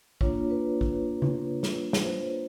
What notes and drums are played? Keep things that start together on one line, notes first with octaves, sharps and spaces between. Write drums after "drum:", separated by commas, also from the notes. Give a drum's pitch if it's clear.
A#3 D4 F4 C#5, drum: kick
B4
drum: kick
drum: tom C#3
drum: snare
drum: snare
C5